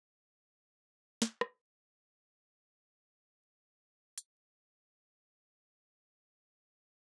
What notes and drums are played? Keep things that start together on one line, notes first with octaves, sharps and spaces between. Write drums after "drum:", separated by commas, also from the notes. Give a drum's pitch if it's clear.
B2
drum: snare
C3, drum: rim click
E3
F#3
D3
drum: hi-hat
G3
A3